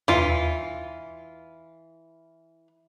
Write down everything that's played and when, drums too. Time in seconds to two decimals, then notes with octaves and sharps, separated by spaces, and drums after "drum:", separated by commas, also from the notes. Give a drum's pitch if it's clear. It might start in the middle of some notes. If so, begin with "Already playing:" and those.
0.08 E3 F4, drum: tom D#2